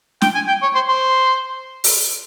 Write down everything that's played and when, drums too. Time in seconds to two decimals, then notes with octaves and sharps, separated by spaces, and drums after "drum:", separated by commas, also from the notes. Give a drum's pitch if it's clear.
0.22 G5, drum: snare
0.35 G#5
0.48 G5
0.62 C#5
0.74 C5
0.88 C5
1.84 drum: open hi-hat